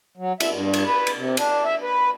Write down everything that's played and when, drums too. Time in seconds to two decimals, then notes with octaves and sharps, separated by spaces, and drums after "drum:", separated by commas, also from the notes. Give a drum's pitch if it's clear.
0.17 F#3
0.40 E5, drum: cymbal
0.52 G2
0.73 drum: cymbal
0.85 B4
1.07 drum: cymbal
1.16 C3
1.37 D4, drum: cymbal
1.65 E5
1.82 B4